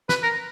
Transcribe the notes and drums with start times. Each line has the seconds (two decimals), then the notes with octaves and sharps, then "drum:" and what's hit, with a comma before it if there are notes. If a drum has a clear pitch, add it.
0.09 B4, drum: snare
0.23 A#4